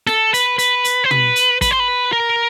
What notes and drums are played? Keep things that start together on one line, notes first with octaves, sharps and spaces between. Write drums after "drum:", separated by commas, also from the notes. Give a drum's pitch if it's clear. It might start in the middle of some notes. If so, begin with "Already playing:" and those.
A4, drum: snare
B4, drum: hi-hat
B4, drum: hi-hat
drum: hi-hat
C5
B4, drum: tom
drum: hi-hat
B4, drum: kick, hi-hat
C5
B4
A#4